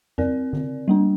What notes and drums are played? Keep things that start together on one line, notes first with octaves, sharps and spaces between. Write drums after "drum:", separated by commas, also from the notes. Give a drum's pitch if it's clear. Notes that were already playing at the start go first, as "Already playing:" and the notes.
C4 A#4 D5, drum: tom F2
drum: tom D3
G3 A#3 D4